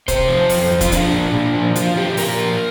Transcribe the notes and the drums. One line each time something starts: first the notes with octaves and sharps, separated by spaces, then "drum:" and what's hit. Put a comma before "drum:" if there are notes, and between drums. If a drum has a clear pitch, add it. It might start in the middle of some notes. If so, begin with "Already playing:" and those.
C3 C5, drum: kick D#1, hi-hat
F3
F2, drum: open hi-hat
F2
F4, drum: kick D#1, hi-hat
F3 D4, drum: hi-hat
A#2
A#2
F3
F3 F4, drum: hi-hat
A#2 G4
A#2 A#4, drum: open hi-hat
F3